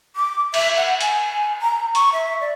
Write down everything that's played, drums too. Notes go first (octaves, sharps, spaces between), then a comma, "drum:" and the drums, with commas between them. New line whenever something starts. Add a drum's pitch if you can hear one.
D6
E5, drum: cymbal
F#5
G#5, drum: hi-hat
A#5
C#6, drum: hi-hat
E5
D5